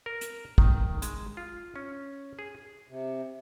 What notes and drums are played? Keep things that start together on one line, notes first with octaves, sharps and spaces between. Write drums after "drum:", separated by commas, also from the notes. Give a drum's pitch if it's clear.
A#4
drum: hi-hat
D#3, drum: kick
G#3, drum: hi-hat
F4
C#4
G#4
C3